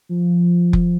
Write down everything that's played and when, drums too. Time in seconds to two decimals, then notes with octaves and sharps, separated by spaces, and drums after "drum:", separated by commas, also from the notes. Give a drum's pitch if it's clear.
0.09 F3
0.73 drum: kick F1